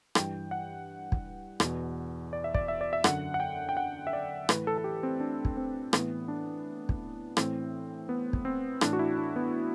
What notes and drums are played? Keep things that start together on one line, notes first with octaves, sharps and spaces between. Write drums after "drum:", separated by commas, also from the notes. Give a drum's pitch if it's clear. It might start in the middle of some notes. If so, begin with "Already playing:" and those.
G2 E3 G5, drum: rim click
F#5
drum: kick
E2 B2, drum: rim click
D5
E5
D5, drum: kick
E5
D5
E5
F#2 D3 F#5, drum: rim click
F#5
G5
G5
F#5
E5
D5
A2 E3 B4, drum: rim click
A4
A4
G4
C4
D4
drum: kick
C4
A2 E3 B3, drum: rim click
D4
drum: kick
A2 E3 C4, drum: rim click
B3
drum: kick
C4
A2 E3 D4, drum: rim click
F#4
E4
D4
B3